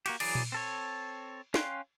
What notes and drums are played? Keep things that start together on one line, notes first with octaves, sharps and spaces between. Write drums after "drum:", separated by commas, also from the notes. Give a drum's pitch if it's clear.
A#3 F#4 G4, drum: cymbal
E3 F#3 G#4 D5, drum: cymbal
drum: tom A#2
C4 A4 C#5
C#4 F5 G5 C6 F#6, drum: snare